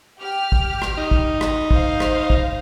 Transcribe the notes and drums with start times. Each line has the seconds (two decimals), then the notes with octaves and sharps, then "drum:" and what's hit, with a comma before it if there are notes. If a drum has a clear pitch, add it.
0.19 G4 F6
0.52 drum: kick
0.82 drum: rim click
0.97 D#4
1.11 drum: kick
1.41 drum: rim click
1.71 C5 F5, drum: kick
2.00 drum: rim click
2.30 drum: kick